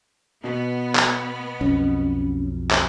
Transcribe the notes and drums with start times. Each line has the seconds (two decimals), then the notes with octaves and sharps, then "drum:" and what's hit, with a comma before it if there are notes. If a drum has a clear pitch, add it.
0.44 B2 B3
0.95 drum: clap
1.61 B1 F2 C#4
2.70 drum: clap